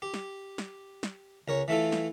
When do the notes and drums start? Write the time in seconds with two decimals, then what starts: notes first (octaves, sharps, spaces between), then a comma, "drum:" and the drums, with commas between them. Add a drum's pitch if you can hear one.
0.02 G4
0.14 drum: snare
0.58 drum: snare
1.03 drum: snare
1.48 C#2 A#4 C#5
1.68 E3 A3 E4 F4 A4
1.92 drum: snare